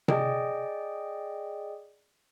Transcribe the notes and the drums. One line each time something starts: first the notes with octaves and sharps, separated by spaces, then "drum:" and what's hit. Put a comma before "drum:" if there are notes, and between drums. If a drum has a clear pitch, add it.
G#4 D5 D#5 G5, drum: tom C3